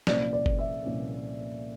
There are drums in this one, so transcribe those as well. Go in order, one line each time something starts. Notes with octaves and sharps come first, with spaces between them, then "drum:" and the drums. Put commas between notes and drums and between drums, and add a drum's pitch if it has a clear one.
C2 A#2 F3 A#3 C#4 D5, drum: snare
D5
drum: kick G1
E5
C2 A#2 F3 A#3 C#4